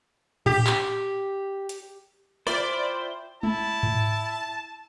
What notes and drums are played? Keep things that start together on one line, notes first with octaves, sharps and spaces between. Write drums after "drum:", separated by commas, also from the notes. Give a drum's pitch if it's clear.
G4, drum: tom A2
drum: clap
drum: hi-hat
E4 F4 C5 D5 G5, drum: rim click
E4 A5, drum: tom G#3
drum: tom G#2